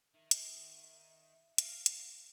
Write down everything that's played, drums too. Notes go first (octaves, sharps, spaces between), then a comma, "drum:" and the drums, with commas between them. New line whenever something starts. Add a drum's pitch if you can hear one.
D#3 E5
drum: hi-hat
F5, drum: hi-hat
drum: hi-hat